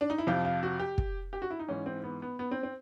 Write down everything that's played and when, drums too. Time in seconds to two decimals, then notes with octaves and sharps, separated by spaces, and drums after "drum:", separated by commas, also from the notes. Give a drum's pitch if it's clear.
0.01 D4
0.10 D#4
0.18 E4
0.27 F2 C3 F3 F4
0.45 F4
0.63 F#4
0.80 G4
0.98 drum: kick
1.33 G4
1.42 F#4
1.50 E4
1.59 D#4
1.68 G#2 E3 C#4
1.86 C4
2.04 B3
2.22 B3
2.39 B3
2.51 C4
2.63 C4